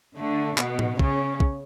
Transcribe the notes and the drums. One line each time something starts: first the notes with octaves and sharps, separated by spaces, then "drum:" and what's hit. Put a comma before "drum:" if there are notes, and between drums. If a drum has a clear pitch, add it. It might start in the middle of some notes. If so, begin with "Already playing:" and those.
D3 A3
B2 B3, drum: clap
drum: tom A2
C#3 C#4, drum: kick
drum: kick